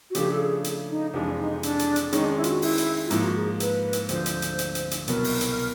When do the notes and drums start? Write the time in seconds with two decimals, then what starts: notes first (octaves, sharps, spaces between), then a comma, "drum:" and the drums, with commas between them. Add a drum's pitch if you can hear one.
0.10 F#4
0.15 C#3 F3 A3 D4 G4, drum: hi-hat
0.32 A4
0.39 G#4
0.64 drum: hi-hat
0.90 D#4
1.13 F2 C3 E3 G#3 D4
1.39 D#4
1.63 D4, drum: hi-hat
1.79 drum: hi-hat
1.96 drum: hi-hat
2.13 D#3 G#3 C#4 D#4, drum: hi-hat
2.24 D4
2.37 E4
2.44 F4, drum: hi-hat
2.50 F#4
2.62 E4, drum: open hi-hat
2.78 drum: hi-hat
3.05 F4
3.11 G#2 F3 A#3 E4, drum: hi-hat
3.23 F#4
3.36 G#4
3.60 B4, drum: hi-hat
3.93 drum: hi-hat
4.09 D2 D3 F3 C5, drum: hi-hat
4.26 drum: hi-hat
4.42 drum: hi-hat
4.59 drum: hi-hat
4.75 drum: hi-hat
4.91 drum: hi-hat
5.08 C2 B2 F#3 B3 A#4, drum: hi-hat
5.24 drum: open hi-hat
5.41 drum: hi-hat